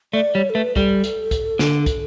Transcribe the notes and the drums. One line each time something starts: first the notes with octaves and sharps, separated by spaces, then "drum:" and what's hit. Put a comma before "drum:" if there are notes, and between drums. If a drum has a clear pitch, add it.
A3 D5
G3 C#5
A4
A3 B4
G3 A4, drum: kick
drum: hi-hat
drum: kick, hi-hat
D3, drum: snare
drum: kick, hi-hat